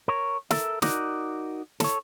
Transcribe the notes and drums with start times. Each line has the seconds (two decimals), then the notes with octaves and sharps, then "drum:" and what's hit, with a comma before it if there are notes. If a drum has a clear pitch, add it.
0.08 A#4 C#5
0.51 A4 A#4 E5, drum: snare
0.82 D#4 F#4 A#4 D5, drum: snare
1.80 A4 C#5, drum: snare